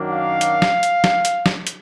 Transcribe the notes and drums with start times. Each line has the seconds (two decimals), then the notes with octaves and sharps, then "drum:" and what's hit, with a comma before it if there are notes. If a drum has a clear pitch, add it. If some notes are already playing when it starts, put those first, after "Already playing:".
Already playing: F#2 D#3 F#3 A#3 D4
0.10 F5
0.41 drum: hi-hat
0.62 drum: snare
0.83 drum: hi-hat
1.04 drum: snare
1.25 drum: hi-hat
1.46 drum: snare
1.67 drum: hi-hat